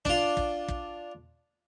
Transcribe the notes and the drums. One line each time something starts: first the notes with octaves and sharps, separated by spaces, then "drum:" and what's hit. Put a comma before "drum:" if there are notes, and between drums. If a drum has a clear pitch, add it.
D4 F4, drum: kick
drum: kick
drum: kick